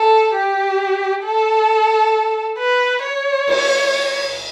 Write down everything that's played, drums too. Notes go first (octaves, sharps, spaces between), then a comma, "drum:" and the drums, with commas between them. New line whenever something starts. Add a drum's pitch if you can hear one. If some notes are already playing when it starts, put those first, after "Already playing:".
Already playing: A4
G4
A4
B4
C#5
drum: cymbal